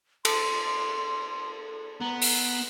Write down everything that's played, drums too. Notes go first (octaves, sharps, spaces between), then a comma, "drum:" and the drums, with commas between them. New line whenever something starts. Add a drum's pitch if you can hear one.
A4 C6, drum: cymbal
B3 A#5
drum: open hi-hat